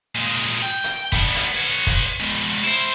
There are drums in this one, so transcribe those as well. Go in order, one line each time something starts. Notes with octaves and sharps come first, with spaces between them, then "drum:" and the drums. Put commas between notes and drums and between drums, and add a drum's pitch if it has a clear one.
A#2 G#3
G5
drum: hi-hat
B3 D4, drum: kick, hi-hat
drum: hi-hat
B4 C#5
drum: kick, hi-hat
G#3 B3
E4 C5